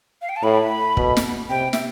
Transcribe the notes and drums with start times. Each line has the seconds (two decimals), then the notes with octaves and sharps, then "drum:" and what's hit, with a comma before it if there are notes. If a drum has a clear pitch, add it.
0.22 F5
0.29 G5
0.36 A5
0.43 A2 B5
0.97 B2, drum: kick
1.17 drum: snare
1.50 C3 G5
1.73 E5, drum: snare